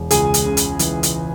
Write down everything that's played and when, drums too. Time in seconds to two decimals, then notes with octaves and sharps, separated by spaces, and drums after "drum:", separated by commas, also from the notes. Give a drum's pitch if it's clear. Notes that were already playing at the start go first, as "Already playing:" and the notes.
Already playing: E1
0.11 C#2 G#4 G#5, drum: hi-hat
0.34 drum: hi-hat
0.46 C#3
0.57 drum: hi-hat
0.79 E3, drum: hi-hat
1.03 drum: hi-hat